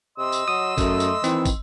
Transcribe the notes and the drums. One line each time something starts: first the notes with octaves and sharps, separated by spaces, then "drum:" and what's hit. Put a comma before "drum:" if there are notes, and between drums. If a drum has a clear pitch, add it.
C3 D#5 C6 E6
drum: tambourine
F#3 D#6
F#2 A3, drum: kick, tambourine
drum: tambourine
D#3 E3 C4, drum: tambourine
drum: kick, tambourine